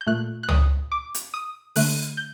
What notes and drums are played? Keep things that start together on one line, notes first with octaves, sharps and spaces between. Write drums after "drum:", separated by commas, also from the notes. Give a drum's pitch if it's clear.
G6
A#2 A3 F#6
F#6
D#6, drum: tom C#2
D6
drum: hi-hat
D#6
D3 A3 F#6, drum: open hi-hat
G6